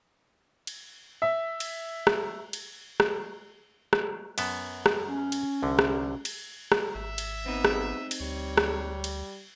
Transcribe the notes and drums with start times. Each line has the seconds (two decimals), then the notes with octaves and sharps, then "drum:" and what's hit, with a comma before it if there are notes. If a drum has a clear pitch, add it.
0.67 drum: cymbal
1.22 E5
1.60 drum: cymbal
2.07 drum: rim click
2.53 drum: cymbal
3.00 drum: rim click
3.93 drum: rim click
4.38 F#2 B3 A5, drum: cymbal
4.86 drum: rim click
5.07 C#4
5.32 drum: cymbal
5.63 C2 D3
5.79 drum: rim click
6.25 drum: cymbal
6.72 drum: rim click
6.95 G#1 E5
7.18 drum: cymbal
7.46 B3 C4 D#4
7.65 drum: rim click
8.11 drum: cymbal
8.20 D2 G3 C#5
8.57 drum: rim click
9.04 drum: cymbal